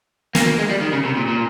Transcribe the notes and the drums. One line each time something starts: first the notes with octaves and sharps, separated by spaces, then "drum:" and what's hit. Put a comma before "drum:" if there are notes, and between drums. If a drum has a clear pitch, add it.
A#3, drum: snare
A#3
G#3
G3
D#3
C#3
C3
A#2
A#2